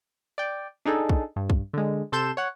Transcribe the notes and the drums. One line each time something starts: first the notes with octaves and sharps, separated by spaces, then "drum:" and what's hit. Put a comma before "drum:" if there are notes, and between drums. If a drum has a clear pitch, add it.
D5 G5
D4 D#4 G#4 A4
drum: kick
G2
drum: kick
D3 G#3
C3 A4 C6 G6 E7
C#5 F#5